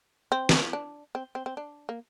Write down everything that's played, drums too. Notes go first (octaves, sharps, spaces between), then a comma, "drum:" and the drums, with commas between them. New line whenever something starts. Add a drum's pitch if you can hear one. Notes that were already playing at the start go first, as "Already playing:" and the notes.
C4
drum: snare
D4
C4
C4
C4
D4
A#3